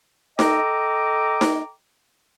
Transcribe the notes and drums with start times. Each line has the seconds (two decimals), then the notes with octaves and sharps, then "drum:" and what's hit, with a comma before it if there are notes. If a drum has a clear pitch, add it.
0.39 A4 D#5 G5 A#5 D6, drum: snare D#4
1.41 drum: snare D#4